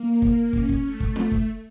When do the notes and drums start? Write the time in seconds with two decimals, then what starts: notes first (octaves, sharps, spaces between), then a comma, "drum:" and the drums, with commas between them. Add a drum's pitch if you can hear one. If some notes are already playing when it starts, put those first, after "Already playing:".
Already playing: A#3
0.22 drum: kick
0.53 C#4, drum: kick
0.69 drum: kick
0.84 A3
1.00 drum: kick
1.16 drum: snare
1.31 drum: kick